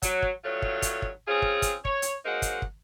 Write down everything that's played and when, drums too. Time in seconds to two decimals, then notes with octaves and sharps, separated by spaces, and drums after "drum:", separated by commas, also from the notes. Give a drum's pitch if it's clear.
0.02 F#3, drum: kick, hi-hat
0.22 drum: kick
0.45 G2 F#3 A3 F4 C#5
0.62 drum: kick
0.82 drum: kick, hi-hat
1.02 drum: kick
1.28 C4 C#4 F4 G#4
1.42 drum: kick
1.62 drum: kick, hi-hat
1.85 C#5, drum: kick
2.02 drum: hi-hat
2.25 F#3 G#3 A#3 D#4 C5 F#5
2.42 drum: kick, hi-hat
2.62 drum: kick